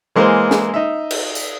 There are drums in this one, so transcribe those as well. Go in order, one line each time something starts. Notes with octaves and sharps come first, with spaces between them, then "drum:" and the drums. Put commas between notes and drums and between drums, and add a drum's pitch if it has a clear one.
E3 G#3 A#3 A#4 C5
drum: snare
D#4 E5
drum: cymbal
drum: tambourine